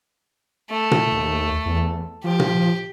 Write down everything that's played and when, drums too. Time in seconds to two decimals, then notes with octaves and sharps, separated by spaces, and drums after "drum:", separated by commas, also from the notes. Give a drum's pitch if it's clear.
0.70 A3
0.91 drum: tom A#2
1.12 D#2
1.66 E2
2.24 F3 G4
2.40 drum: tom A#2